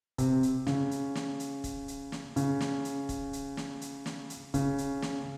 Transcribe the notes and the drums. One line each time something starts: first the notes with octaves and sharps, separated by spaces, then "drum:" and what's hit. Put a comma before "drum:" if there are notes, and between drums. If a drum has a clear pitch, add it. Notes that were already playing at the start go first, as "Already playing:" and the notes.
C3, drum: kick, hi-hat
drum: hi-hat
C#3, drum: snare
drum: hi-hat
drum: snare
drum: hi-hat
drum: kick, hi-hat
drum: hi-hat
drum: snare
C#3, drum: hi-hat
drum: snare
drum: hi-hat
drum: kick, hi-hat
drum: hi-hat
drum: snare
drum: hi-hat
drum: snare
drum: hi-hat
C#3, drum: kick, hi-hat
drum: hi-hat
drum: snare